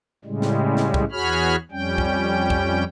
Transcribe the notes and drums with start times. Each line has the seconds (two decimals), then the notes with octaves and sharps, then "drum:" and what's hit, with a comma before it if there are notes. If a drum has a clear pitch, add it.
0.25 A2 C#3 G3 G#3
0.42 drum: snare
0.77 drum: snare
0.94 drum: kick
1.12 E2 F#4 G#4 C#5 B5 F6
1.71 F2 G3 C#4 G5
1.98 drum: kick
2.50 drum: kick